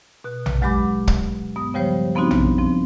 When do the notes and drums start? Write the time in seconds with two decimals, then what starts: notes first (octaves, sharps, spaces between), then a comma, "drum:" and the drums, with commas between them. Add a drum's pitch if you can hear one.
0.24 B2 F#6
0.46 drum: tom A#1
0.62 D2 F#3 G#3 G4 B5 D6
1.07 drum: kick
1.56 G2 B3 D#6
1.74 C#3 F3 G3 G4 C5 C#5
2.15 F3 B3 C4 D4 D#4 F#4
2.31 drum: tom A#1
2.58 F3 C4